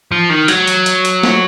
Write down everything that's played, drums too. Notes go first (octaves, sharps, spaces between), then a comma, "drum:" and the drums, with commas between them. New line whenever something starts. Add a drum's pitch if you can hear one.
F3
D#3
F#3, drum: hi-hat
drum: hi-hat
drum: hi-hat
drum: hi-hat
drum: snare